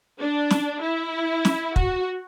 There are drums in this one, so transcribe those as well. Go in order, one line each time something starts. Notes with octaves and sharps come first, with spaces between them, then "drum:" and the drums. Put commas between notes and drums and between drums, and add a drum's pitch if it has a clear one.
D4
drum: snare
E4
drum: snare
F#4, drum: kick